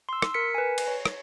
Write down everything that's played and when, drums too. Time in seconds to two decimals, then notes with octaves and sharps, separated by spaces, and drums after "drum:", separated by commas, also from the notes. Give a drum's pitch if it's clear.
0.09 C6 E6
0.22 drum: rim click
0.34 A#4 B6 C#7
0.55 B4 G#5
0.78 drum: cymbal
0.88 C#5
1.05 drum: rim click